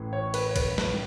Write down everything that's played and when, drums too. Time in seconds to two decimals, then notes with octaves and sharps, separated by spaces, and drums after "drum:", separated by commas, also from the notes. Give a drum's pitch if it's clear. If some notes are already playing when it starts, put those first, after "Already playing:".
Already playing: A1 A2 E3
0.13 C#5
0.34 B4, drum: cymbal
0.51 C#5
0.56 B4, drum: kick, cymbal
0.78 B4, drum: snare